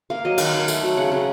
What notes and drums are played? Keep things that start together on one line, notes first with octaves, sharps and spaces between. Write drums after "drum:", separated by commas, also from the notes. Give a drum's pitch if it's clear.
A#3 F5
F#3 D#5
D#3 F5, drum: cymbal
D#3
A3, drum: tambourine
F#3
C#3 F#5
C#3 F#5